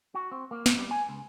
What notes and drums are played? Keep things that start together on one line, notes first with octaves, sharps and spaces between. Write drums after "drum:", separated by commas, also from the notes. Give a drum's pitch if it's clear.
F#4
C4
A#3
A2, drum: snare
G3
G#5
C#2